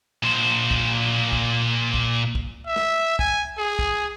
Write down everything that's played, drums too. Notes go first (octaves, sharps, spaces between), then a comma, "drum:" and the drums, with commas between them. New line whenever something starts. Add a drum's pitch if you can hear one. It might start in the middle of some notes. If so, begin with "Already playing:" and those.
A#2 C5
drum: kick
drum: kick
drum: kick
drum: kick
E5
drum: snare
G#5, drum: kick
G#4
drum: kick